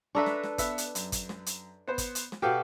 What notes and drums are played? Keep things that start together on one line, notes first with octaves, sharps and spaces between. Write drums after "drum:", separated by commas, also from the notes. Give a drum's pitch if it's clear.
D4 A4 B4 E5 A#5 C#6
drum: snare
drum: snare
B3 E5, drum: kick, hi-hat
drum: hi-hat
F#2, drum: hi-hat
drum: kick, hi-hat
drum: snare
drum: hi-hat
B3 C5
drum: kick, hi-hat
drum: hi-hat
drum: snare
B2 B3 G4 A4 F5 G5